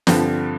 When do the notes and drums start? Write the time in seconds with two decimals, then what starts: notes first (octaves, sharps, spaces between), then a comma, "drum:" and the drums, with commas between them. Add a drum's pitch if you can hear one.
0.07 G2 D3 F3 C4, drum: snare